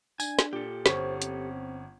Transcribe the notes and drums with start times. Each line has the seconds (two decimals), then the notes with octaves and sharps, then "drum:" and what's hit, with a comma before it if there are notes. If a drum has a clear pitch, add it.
0.20 D4 G#5, drum: tambourine
0.39 drum: snare
0.53 A#2 G4 A4
0.86 G1 C#4 C5 C#6, drum: snare
1.22 C4, drum: hi-hat